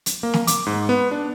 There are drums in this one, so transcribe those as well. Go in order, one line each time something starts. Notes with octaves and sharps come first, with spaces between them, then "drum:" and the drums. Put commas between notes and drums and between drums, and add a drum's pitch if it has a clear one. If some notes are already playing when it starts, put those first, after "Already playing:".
drum: hi-hat
A#3
drum: snare
D6, drum: hi-hat
G#2
B3
D4